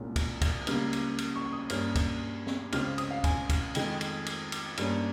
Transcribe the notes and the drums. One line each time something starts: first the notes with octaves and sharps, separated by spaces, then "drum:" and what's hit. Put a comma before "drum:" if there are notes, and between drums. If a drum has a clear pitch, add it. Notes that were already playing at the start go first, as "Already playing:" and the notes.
Already playing: C2 A#2 G#3 C#4
drum: kick, cymbal
drum: kick, cymbal
C#2 C#3 G3 A#3 F6, drum: cymbal
drum: cymbal
drum: cymbal
C#6
D#6
G2 G3 A#3 C#4 F6, drum: cymbal
drum: kick, cymbal
drum: snare
C#2 C#3 G#3 C4 F6, drum: cymbal
D#6, drum: cymbal
F5
G#5, drum: kick, cymbal
drum: kick, cymbal
F2 D#3 G#3 G5, drum: cymbal
drum: cymbal
drum: cymbal
drum: cymbal
G2 G3 A#3 C#4, drum: cymbal